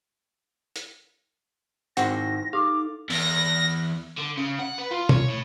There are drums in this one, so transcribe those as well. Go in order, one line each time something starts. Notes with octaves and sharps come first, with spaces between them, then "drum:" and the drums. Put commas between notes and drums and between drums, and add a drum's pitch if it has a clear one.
drum: hi-hat
G#1 C4 D#4 E4 F#4 F#5 A#6, drum: hi-hat
D#4 G4 A4 F5 D6 D#6
E2 A#6, drum: open hi-hat
D3
C#3
F#5
B4
F4
C#5, drum: tom B2
A2